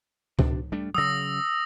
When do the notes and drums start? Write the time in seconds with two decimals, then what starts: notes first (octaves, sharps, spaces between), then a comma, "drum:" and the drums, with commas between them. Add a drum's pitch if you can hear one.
0.39 B2 D4, drum: kick C#2
0.72 G3 A3 D4
0.95 C#3 F#3 D#6 E6 A#6